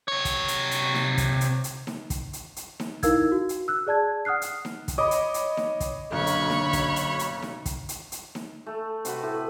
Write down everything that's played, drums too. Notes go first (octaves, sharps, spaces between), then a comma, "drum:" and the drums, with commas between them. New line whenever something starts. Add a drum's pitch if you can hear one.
C3 C#5
drum: kick, hi-hat
drum: hi-hat
drum: hi-hat
drum: snare D#4
drum: kick, hi-hat
drum: hi-hat
drum: hi-hat
drum: snare D#4
drum: kick, hi-hat
drum: hi-hat
drum: hi-hat
drum: snare D#4
D#4 E4 A#4 F5 E6 G#6, drum: kick, hi-hat
F#4
drum: hi-hat
E6 F#6
G#4 D5 A5 G#6
F#5 D#6 F6 F#6 C7
drum: hi-hat
drum: snare D#4
drum: kick, hi-hat
C#5 D#5 B5 D6 D#6
drum: hi-hat
drum: hi-hat
drum: snare D#4
drum: kick, hi-hat
F#1 B1 D3 C#5 B5 C#6
drum: hi-hat
drum: snare D#4
drum: kick, hi-hat
drum: hi-hat
drum: hi-hat
drum: snare D#4
drum: kick, hi-hat
drum: hi-hat
drum: hi-hat
drum: snare D#4
A3 A4
C3 F#4 B4, drum: hi-hat
A2